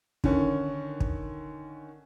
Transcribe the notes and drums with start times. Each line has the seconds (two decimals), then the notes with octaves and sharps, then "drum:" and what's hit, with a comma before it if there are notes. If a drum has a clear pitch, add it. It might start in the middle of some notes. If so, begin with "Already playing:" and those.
0.24 D3 D#3 C#4, drum: kick
1.00 drum: kick